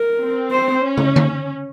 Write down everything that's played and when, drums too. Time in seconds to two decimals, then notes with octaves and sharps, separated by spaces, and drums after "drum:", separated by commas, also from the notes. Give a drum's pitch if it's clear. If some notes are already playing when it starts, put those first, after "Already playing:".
Already playing: A#4
0.20 C4
0.51 C5
0.83 C#4
0.97 drum: tom
1.16 drum: tom D3